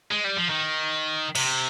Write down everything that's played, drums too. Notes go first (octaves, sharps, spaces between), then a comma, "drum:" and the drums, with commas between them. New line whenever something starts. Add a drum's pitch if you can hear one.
G#3
G3
F3
D#3
C3, drum: cymbal